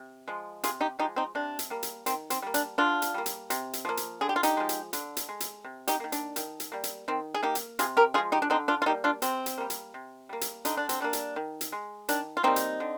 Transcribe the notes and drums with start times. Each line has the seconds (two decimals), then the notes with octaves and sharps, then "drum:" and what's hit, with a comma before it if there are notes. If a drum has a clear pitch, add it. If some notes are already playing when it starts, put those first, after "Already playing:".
Already playing: C3
0.28 F3 G#3
0.64 C3 F4 G#4, drum: hi-hat
0.81 D#4 G4
0.99 F3 G#3 D#4 G4
1.16 C4 D#4
1.35 C3 D4
1.59 drum: hi-hat
1.70 G3 A#3
1.83 drum: hi-hat
2.06 D#3 C4, drum: hi-hat
2.30 C4, drum: hi-hat
2.42 G3 A#3
2.54 D4, drum: hi-hat
2.78 D3 D4 F4
3.02 drum: hi-hat
3.14 G3 A#3
3.26 drum: hi-hat
3.50 C3, drum: hi-hat
3.73 drum: hi-hat
3.85 F3 A#3
3.97 drum: hi-hat
4.21 D3 G#4
4.29 G4
4.36 F4
4.43 D#4 G4, drum: hi-hat
4.57 F3 G#3
4.69 drum: hi-hat
4.93 D3, drum: hi-hat
5.17 drum: hi-hat
5.29 G#3
5.40 drum: hi-hat
5.65 C3
5.88 D#4 G4, drum: hi-hat
6.00 D#3 A#3
6.12 D4, drum: hi-hat
6.36 D#3, drum: hi-hat
6.60 drum: hi-hat
6.72 G3 A#3
6.84 drum: hi-hat
7.08 D#3 C4
7.34 G#4
7.43 A#3 D#4 G4
7.55 drum: hi-hat
7.79 C3 F4 G#4, drum: hi-hat
7.97 G4 A#4
8.14 F3 G#3 F4 G#4
8.32 D#4 G4
8.42 D4
8.50 D3 C4 D#4
8.68 D4 F4
8.82 F4
8.86 G3 A#3 D#4 G4
9.04 D4 F4
9.22 C3 C4, drum: hi-hat
9.46 drum: hi-hat
9.58 G3 A#3
9.70 drum: hi-hat
9.94 C3
10.29 G3 A#3
10.41 drum: hi-hat
10.65 D3 D#4, drum: hi-hat
10.77 D4
10.89 C4, drum: hi-hat
11.00 G3 A#3 D4
11.13 drum: hi-hat
11.36 D#3
11.61 drum: hi-hat
11.72 G#3
12.09 D#3 D4, drum: hi-hat
12.37 F4
12.43 G3 A#3 C4 D#4
12.56 drum: hi-hat
12.80 D3